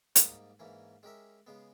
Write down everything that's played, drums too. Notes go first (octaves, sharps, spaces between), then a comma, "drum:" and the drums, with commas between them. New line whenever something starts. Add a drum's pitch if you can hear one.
G#2 G3 A#3 D#4, drum: hi-hat
G#2 E3 A#3 C#4
G#3 C#4 G4 A#4 E5
C#3 G#3 B3